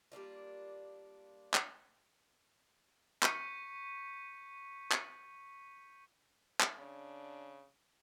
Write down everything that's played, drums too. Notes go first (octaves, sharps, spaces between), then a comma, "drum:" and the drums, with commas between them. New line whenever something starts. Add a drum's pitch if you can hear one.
G3 A#3 D4 F4
drum: clap
C#6 G6 B6 C#7 D#7, drum: clap
drum: clap
drum: clap
C#3 D4